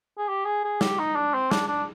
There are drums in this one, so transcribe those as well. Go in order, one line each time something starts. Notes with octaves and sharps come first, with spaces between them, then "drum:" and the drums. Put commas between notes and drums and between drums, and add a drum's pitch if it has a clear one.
G#4
G4
G#4
G#4
G4, drum: snare
D#4
D4
C4
D4, drum: snare
D4